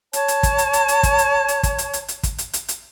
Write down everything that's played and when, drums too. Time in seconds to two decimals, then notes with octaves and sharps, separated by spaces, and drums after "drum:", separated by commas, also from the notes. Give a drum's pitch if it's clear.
0.13 C#5 A5, drum: hi-hat
0.28 drum: hi-hat
0.43 drum: kick, hi-hat
0.58 drum: hi-hat
0.73 drum: hi-hat
0.88 drum: hi-hat
1.03 drum: kick, hi-hat
1.18 drum: hi-hat
1.48 drum: hi-hat
1.63 drum: kick, hi-hat
1.78 drum: hi-hat
1.93 drum: hi-hat
2.08 drum: hi-hat
2.23 drum: kick, hi-hat
2.38 drum: hi-hat
2.53 drum: hi-hat
2.68 drum: hi-hat